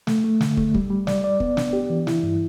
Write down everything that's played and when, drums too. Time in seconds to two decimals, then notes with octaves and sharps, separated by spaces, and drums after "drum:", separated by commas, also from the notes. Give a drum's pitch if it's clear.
0.07 A3, drum: snare
0.24 A3
0.41 D3, drum: snare
0.57 A3, drum: kick
0.74 G3, drum: kick
0.90 G3
1.07 D5, drum: snare
1.24 D5
1.40 B3, drum: kick
1.57 D4, drum: snare
1.73 G4
1.90 E3
2.07 E4, drum: snare
2.23 G2